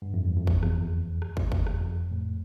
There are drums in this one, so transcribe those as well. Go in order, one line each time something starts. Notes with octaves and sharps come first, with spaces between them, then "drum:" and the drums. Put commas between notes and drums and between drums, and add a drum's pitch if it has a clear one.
G2
F2
E2
F2
drum: kick
E2, drum: rim click
F2
drum: rim click
drum: kick
E2, drum: kick
drum: rim click
F2
A2